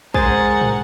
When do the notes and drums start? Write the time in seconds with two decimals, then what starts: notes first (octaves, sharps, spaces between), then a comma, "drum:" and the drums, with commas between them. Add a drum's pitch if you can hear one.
0.14 G#3 G#4 A#4 C5 F#5 G#5 A6, drum: kick
0.61 drum: tom